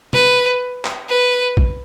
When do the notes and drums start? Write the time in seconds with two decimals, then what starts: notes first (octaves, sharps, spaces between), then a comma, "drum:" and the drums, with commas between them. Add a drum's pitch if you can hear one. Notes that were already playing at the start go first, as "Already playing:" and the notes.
0.13 B4, drum: tom B2
0.85 drum: clap
1.09 B4
1.57 drum: kick